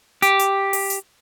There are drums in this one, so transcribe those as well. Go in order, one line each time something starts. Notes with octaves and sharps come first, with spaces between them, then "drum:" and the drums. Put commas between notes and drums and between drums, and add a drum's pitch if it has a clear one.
G4, drum: hi-hat
drum: hi-hat
drum: open hi-hat
drum: hi-hat